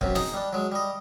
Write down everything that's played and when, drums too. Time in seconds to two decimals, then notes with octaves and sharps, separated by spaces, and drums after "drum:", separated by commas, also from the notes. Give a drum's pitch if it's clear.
0.01 F#2 C3 F#3, drum: kick
0.15 D#4 G#4, drum: snare
0.34 G3 D4
0.53 F#3 G#3
0.72 G3 D#5